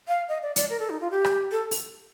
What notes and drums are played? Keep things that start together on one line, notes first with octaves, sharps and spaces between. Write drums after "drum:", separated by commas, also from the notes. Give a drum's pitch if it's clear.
F5
D#5
D5
D5, drum: hi-hat
A#4
A4
D#4
F4
G4
drum: rim click
A4
drum: open hi-hat